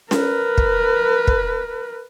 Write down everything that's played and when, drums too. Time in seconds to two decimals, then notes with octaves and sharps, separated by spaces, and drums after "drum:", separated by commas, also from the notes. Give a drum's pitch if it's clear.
0.11 A#4 B4, drum: snare C#4
0.58 drum: kick
1.27 drum: kick